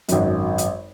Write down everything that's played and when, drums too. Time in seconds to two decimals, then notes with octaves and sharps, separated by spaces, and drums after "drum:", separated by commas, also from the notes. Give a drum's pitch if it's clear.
0.08 G#1 F#2, drum: hi-hat
0.58 drum: hi-hat